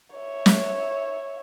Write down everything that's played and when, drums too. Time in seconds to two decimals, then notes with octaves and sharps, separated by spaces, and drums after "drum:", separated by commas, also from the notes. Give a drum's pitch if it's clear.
0.16 C#5 E5
0.46 drum: snare